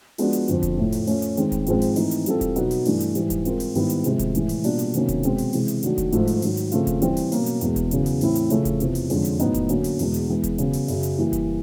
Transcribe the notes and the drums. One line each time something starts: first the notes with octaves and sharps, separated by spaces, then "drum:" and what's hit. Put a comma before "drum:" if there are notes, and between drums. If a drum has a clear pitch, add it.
F3 G#3 B3 D4 F#4, drum: open hi-hat
drum: hi-hat
F2 D3 F3, drum: hi-hat
drum: kick E1, hi-hat
A2 F3 A3
drum: open hi-hat
A3 C#4 F4, drum: open hi-hat
drum: hi-hat
D#3 G#3 C4, drum: hi-hat
drum: kick E1, hi-hat
G#2 F3 G#3 C4, drum: hi-hat
drum: open hi-hat
E3 A3 C4 D#4, drum: open hi-hat
drum: hi-hat
E3 G3 C4 F4 A4, drum: hi-hat
drum: kick E1, hi-hat
B2 F#3 B3 D#4 F#4, drum: hi-hat
drum: open hi-hat
G2 E3 A3 D4, drum: open hi-hat
drum: hi-hat
G#2 E3 G3, drum: hi-hat
drum: kick E1, hi-hat
G#3 C4 F4 A#4, drum: hi-hat
drum: open hi-hat
G#2 D#3 G3 B3 E4, drum: open hi-hat
drum: hi-hat
C3 F3 G#3, drum: hi-hat
drum: kick E1, hi-hat
A2 E3 G#3, drum: hi-hat
drum: open hi-hat
B2 G3 A#3 D4 F4, drum: open hi-hat
drum: hi-hat
C3 D#3 F#3 A#3 C#4, drum: hi-hat
drum: kick E1, hi-hat
B2 G#3 C4, drum: hi-hat
drum: open hi-hat
C3 E3 G#3, drum: open hi-hat
drum: hi-hat
D#3 F#3 A3 D4 F#4, drum: hi-hat
drum: kick E1, hi-hat
G#2 F3 A3, drum: hi-hat
drum: open hi-hat
G#2 D#3 F#3, drum: open hi-hat
drum: hi-hat
C#3 F3 A3 C4 F4, drum: hi-hat
drum: kick E1, hi-hat
E3 G3 C4, drum: hi-hat
drum: open hi-hat
B2 F#3 A#3 C#4, drum: open hi-hat
drum: hi-hat
E2 B2 G#3, drum: hi-hat
drum: kick E1, hi-hat
E2 C#3 F#3, drum: hi-hat
drum: open hi-hat
A2 E3 A3 C4 E4, drum: open hi-hat
drum: hi-hat
C#3 F3 A3 C#4, drum: hi-hat
drum: kick E1, hi-hat
E2 C3 F3, drum: hi-hat
drum: open hi-hat
F2 D3 F3 G#3 C#4, drum: open hi-hat
drum: hi-hat
A2 F#3 B3 D#4, drum: hi-hat
drum: kick E1, hi-hat
D3 F#3 A#3 C#4, drum: hi-hat
drum: open hi-hat
E2 B2 G#3, drum: open hi-hat
drum: hi-hat
E3 G#3 B3
drum: kick E1, hi-hat
C#3 F#3 B3, drum: hi-hat
drum: open hi-hat
F#2 C#3 F#3, drum: open hi-hat
drum: hi-hat
E3 G3 A#3
drum: kick E1, hi-hat